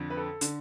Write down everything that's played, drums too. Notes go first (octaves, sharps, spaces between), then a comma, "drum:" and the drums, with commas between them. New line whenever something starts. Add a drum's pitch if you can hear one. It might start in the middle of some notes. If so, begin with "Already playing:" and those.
Already playing: F2 D3
B4
A4
D3, drum: hi-hat